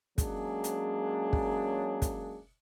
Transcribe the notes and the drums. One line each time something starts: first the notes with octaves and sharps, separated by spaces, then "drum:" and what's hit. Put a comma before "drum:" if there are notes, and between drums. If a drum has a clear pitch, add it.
F#3 G#3 A#3 C#4 D4 G#4, drum: kick, hi-hat
drum: hi-hat
drum: kick
drum: kick, hi-hat